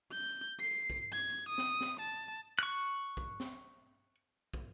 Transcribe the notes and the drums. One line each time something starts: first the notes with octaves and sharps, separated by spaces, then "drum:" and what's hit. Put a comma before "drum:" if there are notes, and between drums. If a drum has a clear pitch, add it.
G6
C7
drum: kick
G#6
D#6
drum: snare
drum: snare
A5
C#6 F#6
drum: kick
drum: snare
drum: kick